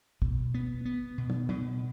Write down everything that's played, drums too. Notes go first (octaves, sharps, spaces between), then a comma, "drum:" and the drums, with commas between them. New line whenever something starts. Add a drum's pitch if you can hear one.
B2, drum: kick
B3
B3
B2
drum: tom
B2, drum: tom